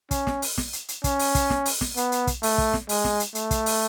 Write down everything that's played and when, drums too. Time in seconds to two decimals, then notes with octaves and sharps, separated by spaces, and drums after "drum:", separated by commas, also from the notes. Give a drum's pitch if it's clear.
0.11 C#4, drum: kick, hi-hat
0.27 drum: snare
0.42 drum: open hi-hat
0.58 drum: snare
0.73 drum: hi-hat
0.88 drum: hi-hat
1.04 C#4, drum: kick, hi-hat
1.19 drum: open hi-hat
1.35 drum: kick, hi-hat
1.50 drum: snare
1.66 drum: open hi-hat
1.81 drum: snare
1.97 B3, drum: hi-hat
2.12 drum: hi-hat
2.27 drum: kick, hi-hat
2.43 A3, drum: open hi-hat
2.58 drum: kick
2.73 drum: snare
2.89 G#3, drum: open hi-hat
3.04 drum: snare
3.20 drum: hi-hat
3.35 A3, drum: hi-hat
3.51 drum: kick, hi-hat
3.66 drum: open hi-hat